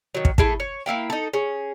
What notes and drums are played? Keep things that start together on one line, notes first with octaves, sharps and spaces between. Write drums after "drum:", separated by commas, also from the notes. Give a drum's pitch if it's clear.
D#3 F#3
drum: kick
A3 E4 G#4 A5, drum: kick
C#5
A#3 E4 F5 G5
D#4 A4
C#4 G#4